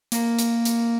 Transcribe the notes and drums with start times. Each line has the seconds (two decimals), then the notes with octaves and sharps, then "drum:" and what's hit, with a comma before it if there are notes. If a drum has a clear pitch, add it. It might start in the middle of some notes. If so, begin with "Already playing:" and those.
0.12 A#3, drum: hi-hat
0.39 drum: hi-hat
0.65 drum: hi-hat